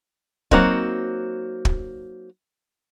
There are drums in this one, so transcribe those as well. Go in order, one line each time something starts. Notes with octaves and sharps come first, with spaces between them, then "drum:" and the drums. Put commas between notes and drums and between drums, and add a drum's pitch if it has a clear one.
F#3 A#3 C4 D#4 F#4, drum: kick
drum: kick